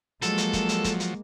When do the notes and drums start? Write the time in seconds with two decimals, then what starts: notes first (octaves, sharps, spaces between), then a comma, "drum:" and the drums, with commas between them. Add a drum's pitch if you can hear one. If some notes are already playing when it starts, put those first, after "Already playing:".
0.22 F3 F#3 G#3 A#3 A4, drum: hi-hat
0.38 drum: hi-hat
0.53 drum: kick, hi-hat
0.69 drum: hi-hat
0.84 drum: kick, hi-hat
1.00 drum: hi-hat